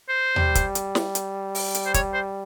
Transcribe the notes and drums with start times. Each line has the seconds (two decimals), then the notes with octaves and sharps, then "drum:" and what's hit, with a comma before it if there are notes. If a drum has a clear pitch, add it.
0.09 C5
0.36 G3, drum: tom D#2
0.55 drum: kick, hi-hat
0.75 drum: hi-hat
0.95 drum: snare
1.15 drum: hi-hat
1.55 drum: open hi-hat
1.75 drum: hi-hat
1.86 C5
1.94 C#5, drum: kick, hi-hat
2.14 C5